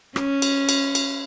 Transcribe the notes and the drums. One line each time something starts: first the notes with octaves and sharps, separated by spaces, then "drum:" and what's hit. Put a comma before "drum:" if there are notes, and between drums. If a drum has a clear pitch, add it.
C#4, drum: rim click
drum: cymbal
drum: cymbal
drum: cymbal